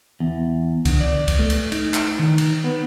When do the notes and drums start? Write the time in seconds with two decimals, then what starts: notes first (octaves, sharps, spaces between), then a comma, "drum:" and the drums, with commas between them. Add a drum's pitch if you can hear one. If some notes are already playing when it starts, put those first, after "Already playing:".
0.20 E2
0.85 D3, drum: kick C#2, cymbal
1.00 D5
1.28 drum: kick C#2, cymbal
1.39 A3
1.50 drum: cymbal
1.72 D#4, drum: cymbal
1.94 drum: clap
2.19 D#3
2.38 drum: cymbal
2.64 B3